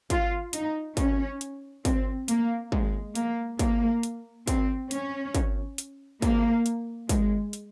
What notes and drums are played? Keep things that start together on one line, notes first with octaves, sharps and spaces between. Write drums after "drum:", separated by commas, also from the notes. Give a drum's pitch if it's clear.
F4, drum: kick, hi-hat
D#4, drum: hi-hat
C#4, drum: kick, hi-hat
drum: hi-hat
C4, drum: kick, hi-hat
A#3, drum: hi-hat
G#3, drum: kick
A#3, drum: hi-hat
A#3, drum: kick, hi-hat
drum: hi-hat
C4, drum: kick, hi-hat
C#4, drum: hi-hat
drum: kick, hi-hat
drum: hi-hat
A#3, drum: kick, hi-hat
drum: hi-hat
G#3, drum: kick, hi-hat
drum: hi-hat